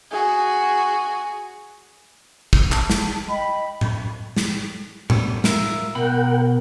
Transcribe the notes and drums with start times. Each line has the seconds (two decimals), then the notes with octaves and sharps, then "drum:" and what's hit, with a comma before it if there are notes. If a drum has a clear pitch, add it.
0.11 F#4 G#4
2.53 drum: kick
2.72 A5, drum: clap
2.90 drum: snare
3.28 D#5 G5 B5
3.81 drum: tom A2
4.37 drum: snare
5.10 G3 A3 B3, drum: tom A2
5.44 F4 A#4 E5, drum: snare
5.95 B2 A#4 F#5 G5 B5